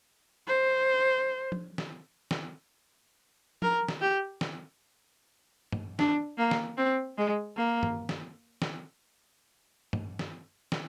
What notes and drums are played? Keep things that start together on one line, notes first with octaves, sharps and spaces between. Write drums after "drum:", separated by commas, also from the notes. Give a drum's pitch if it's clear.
C5
drum: tom F3
drum: snare
drum: snare
A#4, drum: tom F3
drum: snare
G4
drum: snare
drum: tom
D4, drum: snare
A#3
drum: snare
C4
G#3
A#3
drum: tom
drum: snare
drum: snare
drum: tom
drum: snare
drum: snare